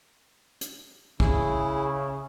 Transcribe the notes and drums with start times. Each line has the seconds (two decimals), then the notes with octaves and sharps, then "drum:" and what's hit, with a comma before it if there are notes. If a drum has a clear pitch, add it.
0.61 drum: hi-hat
1.20 C#3 E4 G#4, drum: kick